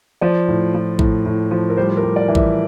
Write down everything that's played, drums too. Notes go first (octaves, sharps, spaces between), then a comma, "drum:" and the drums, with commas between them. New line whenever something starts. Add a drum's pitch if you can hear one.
F3 D5
A2
F3
A2, drum: kick A1
A2
F3
A#4
G3 C5
C5
A#4
G3
D5
E3
E5, drum: kick A1